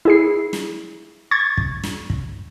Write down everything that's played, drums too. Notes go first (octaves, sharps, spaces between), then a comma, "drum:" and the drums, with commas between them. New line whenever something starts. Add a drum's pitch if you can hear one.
E4 G#4 C7
drum: snare
C#6 G#6 A6
drum: kick
drum: snare
drum: kick